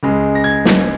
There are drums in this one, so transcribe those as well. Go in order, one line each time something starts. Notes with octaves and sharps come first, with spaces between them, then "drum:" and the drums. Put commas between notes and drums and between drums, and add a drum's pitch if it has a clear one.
C#2 C#3 G#3
A#6
G#6
drum: snare